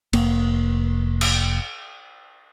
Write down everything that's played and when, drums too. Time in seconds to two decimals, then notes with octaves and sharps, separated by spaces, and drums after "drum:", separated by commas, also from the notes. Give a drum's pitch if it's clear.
0.13 F1 A#3, drum: cymbal
1.21 drum: cymbal